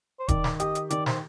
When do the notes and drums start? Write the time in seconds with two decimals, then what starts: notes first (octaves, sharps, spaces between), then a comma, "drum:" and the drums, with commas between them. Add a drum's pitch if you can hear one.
0.19 C5
0.28 D#3 D5, drum: kick D#1, hi-hat
0.44 drum: snare
0.60 G4 D#5, drum: hi-hat
0.75 drum: hi-hat
0.90 D#3 D5, drum: hi-hat
1.06 C5, drum: snare